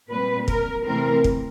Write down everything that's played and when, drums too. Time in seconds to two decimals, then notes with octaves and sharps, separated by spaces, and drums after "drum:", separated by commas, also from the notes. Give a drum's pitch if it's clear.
0.09 A#2 G3 C4 B4
0.48 A#4, drum: kick
0.86 C3 E3 A3 C4 A#4
1.24 drum: kick